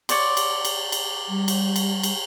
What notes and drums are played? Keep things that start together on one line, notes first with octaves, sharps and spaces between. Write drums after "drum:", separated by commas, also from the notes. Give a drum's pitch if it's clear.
C#5 D5 C6, drum: cymbal
drum: cymbal
drum: cymbal
drum: cymbal
G3
drum: cymbal
drum: cymbal
drum: cymbal